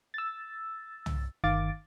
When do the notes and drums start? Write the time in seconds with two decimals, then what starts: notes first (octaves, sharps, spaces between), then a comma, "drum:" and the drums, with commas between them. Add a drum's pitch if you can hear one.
0.14 E6 A6
1.06 drum: tom
1.44 G1 D#3 F5 D6 A6